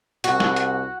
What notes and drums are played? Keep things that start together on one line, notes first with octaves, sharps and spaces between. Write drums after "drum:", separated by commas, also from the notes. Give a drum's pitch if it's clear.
C2 F#4, drum: hi-hat
drum: snare
drum: hi-hat